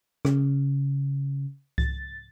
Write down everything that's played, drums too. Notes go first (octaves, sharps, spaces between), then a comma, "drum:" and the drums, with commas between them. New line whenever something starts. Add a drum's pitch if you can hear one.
C#3, drum: rim click
A6, drum: kick C2